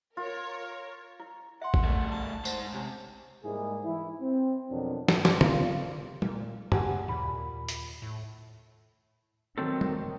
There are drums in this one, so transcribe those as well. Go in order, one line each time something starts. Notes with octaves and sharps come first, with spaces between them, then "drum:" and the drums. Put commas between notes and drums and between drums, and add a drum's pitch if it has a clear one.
F4 A#4 C#5
E4
E5 F#5 C6
drum: kick A1
G3 A3
A5
G#2 C5, drum: tambourine
C3 C#4
G#2 G3 A#3 E4 G#4
E3 E4
C4
F2 B2 D#3 F#3 D4
G2, drum: snare
drum: snare
G3 A#3 F4, drum: tom
A#2, drum: tom
C#3 G4 F#5 G#5, drum: tom
D#2 A#2 B5
drum: hi-hat
A2
D#3 F#3 C4 A4
drum: tom